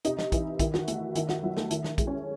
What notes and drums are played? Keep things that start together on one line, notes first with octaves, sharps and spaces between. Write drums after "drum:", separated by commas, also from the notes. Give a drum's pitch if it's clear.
C3 D#4 D#5, drum: hi-hat
drum: snare
E3 E4 E5, drum: kick, hi-hat
D#3 E4 E5, drum: kick, hi-hat
F#4 F#5, drum: snare
A3 E4 E5, drum: hi-hat
D#3 E4 E5, drum: hi-hat
F#4 F#5, drum: snare
F#3 E4 E5
A3 A4, drum: snare
D#3 E4 E5, drum: hi-hat
drum: snare
G#3, drum: kick, hi-hat
C#4 C#5